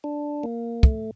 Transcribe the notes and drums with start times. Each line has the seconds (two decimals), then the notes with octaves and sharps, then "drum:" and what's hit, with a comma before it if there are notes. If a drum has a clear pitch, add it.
0.04 D4
0.43 A#3
0.83 A3, drum: kick